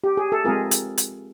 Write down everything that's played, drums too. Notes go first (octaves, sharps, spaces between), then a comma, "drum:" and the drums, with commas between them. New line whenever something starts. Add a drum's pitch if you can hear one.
G4
G#4
A4
G#3 C4 F4 G#4 A#4
drum: hi-hat
drum: hi-hat